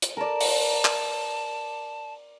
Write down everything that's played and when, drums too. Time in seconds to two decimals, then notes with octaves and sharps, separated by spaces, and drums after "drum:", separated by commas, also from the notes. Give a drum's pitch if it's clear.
0.02 drum: hi-hat
0.17 A#4 D5 A5
0.41 drum: open hi-hat
0.85 drum: clap